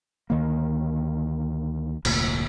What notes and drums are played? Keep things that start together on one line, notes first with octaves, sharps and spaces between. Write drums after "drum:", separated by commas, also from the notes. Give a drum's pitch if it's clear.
D2 D#3 A#3
F1 D2 A#2, drum: cymbal